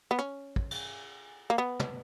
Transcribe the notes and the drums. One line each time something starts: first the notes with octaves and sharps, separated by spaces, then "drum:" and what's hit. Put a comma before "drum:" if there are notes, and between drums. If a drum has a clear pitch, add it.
B3
C#4
drum: kick
drum: cymbal
A#3
B3
drum: tom